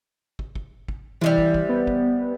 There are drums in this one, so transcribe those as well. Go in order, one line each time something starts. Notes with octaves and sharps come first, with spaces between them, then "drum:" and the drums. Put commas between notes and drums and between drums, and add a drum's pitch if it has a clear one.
drum: kick
drum: kick
drum: kick
C3 D#3 E3 G3
drum: kick
drum: kick
B3
drum: kick